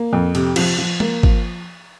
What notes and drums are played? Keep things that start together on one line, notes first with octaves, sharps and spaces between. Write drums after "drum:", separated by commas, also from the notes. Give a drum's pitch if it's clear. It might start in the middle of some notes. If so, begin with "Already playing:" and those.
Already playing: A#3
F2
C3, drum: cymbal
F3, drum: cymbal
F3
A#3, drum: tom
F3, drum: kick